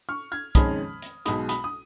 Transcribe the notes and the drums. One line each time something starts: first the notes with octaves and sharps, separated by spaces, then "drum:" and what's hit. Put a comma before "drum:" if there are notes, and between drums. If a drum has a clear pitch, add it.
C#6 F6
F6 G#6
F2 D#3 G#3 C#4 B5 D#6, drum: kick, hi-hat
drum: hi-hat
B1 B2 G#3 D#4 B5 D#6, drum: hi-hat
B5 D#6, drum: hi-hat
D#6